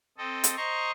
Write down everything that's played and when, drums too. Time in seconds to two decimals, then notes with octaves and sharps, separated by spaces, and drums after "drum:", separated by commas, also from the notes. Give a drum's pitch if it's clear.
0.18 C4 A4 D#5
0.44 drum: hi-hat
0.57 C5 D#5 A#5 C6 C#6